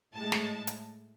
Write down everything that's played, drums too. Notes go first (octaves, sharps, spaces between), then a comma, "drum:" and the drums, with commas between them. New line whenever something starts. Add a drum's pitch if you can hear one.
A2 G#3 A5
drum: snare
drum: hi-hat